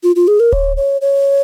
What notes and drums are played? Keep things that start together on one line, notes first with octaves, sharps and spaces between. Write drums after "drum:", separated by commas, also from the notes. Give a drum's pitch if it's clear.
F4
F4
G#4
A#4
C#5, drum: kick D1
C#5
C#5